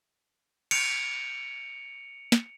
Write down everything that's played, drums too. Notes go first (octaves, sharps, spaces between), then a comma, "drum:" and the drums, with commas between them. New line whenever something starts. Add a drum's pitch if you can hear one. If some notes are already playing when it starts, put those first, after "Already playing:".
C#7 D7 F7, drum: cymbal
drum: snare